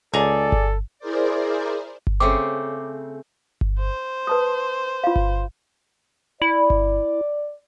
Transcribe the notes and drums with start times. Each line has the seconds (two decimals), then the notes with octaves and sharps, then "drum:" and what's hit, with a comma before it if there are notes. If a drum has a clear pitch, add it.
0.14 C#2 G#4 A4 D5 A#5
0.52 drum: kick G1
0.99 E4 G#4 A#4 C5 D5
2.07 drum: kick G1
2.20 C#3 A3 C4 D6
3.61 drum: kick G1
3.79 C5
4.27 B4 A5 D#6
5.04 F4 F5
5.16 drum: kick G1
6.42 E4 D5
6.70 drum: kick G1